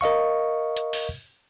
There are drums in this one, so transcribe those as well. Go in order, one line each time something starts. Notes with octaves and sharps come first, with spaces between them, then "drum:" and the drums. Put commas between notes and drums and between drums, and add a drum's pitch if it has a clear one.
A#4 D#5 F5 C#6
drum: hi-hat
drum: open hi-hat